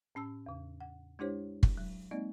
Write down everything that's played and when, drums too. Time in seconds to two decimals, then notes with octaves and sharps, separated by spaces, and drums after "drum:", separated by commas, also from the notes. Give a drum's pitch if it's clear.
0.15 A2 C#4 A5 E6
0.46 E2 C#3
0.81 F#5
1.19 G#3 D4 E4 G4 C5 C#5
1.63 drum: kick
1.77 F#3
2.11 G#3 A#3 C4 D#4 D5 D#5